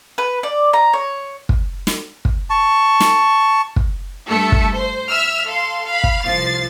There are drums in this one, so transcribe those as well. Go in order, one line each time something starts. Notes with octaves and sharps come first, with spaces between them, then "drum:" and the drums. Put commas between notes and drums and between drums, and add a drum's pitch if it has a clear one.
B4
D5
A#5
C#5
drum: kick
drum: snare
drum: kick
A5 C#6
drum: snare
drum: kick
G2 A3 A4 E5 A5 C#7
drum: kick
C5
E5 E6 F6
A4 F5 C6
F5 B5
drum: kick
C2 F3 A6 C7